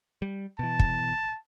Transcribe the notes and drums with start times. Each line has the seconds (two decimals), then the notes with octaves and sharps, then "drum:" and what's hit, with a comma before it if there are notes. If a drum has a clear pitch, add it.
0.22 G3
0.59 B2 E3 A5
0.79 drum: kick